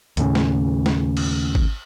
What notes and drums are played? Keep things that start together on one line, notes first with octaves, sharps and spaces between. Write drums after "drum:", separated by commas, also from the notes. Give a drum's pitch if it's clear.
D#2 A2 C#3, drum: hi-hat
drum: snare
drum: snare
drum: cymbal
drum: kick G#1